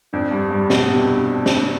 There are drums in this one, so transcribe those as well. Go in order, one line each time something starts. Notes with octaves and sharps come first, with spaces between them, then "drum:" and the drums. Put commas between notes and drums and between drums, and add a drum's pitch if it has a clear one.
F2 D4
G2
G2
B2, drum: snare
C3
drum: snare